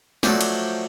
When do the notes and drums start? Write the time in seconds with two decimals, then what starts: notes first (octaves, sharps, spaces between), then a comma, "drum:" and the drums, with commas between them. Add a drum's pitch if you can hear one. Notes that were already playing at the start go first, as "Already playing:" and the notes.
0.23 F3 F#3 A3 C5 D5, drum: snare
0.41 drum: cymbal